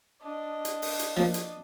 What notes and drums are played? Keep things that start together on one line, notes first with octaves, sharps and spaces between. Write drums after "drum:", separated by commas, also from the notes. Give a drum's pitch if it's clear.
D4 D#5
drum: hi-hat
drum: open hi-hat
drum: hi-hat
F3 A#3
drum: hi-hat